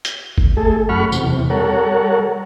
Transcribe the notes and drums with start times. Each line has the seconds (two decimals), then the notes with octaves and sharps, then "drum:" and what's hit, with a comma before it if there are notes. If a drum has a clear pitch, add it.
0.05 drum: hi-hat
0.38 drum: kick G1
0.57 A3 G#4 A4
0.89 F#2 A3 F#5 B5 C#6 F6
1.12 E2 C3, drum: tambourine
1.50 G3 A4 A#4 C#5 F#5